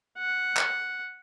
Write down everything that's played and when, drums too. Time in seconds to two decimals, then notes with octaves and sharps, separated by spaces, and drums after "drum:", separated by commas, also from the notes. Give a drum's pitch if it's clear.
0.18 F#5
0.57 drum: clap